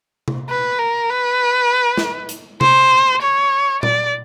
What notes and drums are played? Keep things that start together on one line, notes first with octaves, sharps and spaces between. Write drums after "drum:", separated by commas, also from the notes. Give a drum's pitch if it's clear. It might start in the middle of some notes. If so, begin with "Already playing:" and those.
drum: tom C3
B4
A#4
B4
drum: snare
drum: hi-hat
C5, drum: tom C3
C#5
D5, drum: tom A#2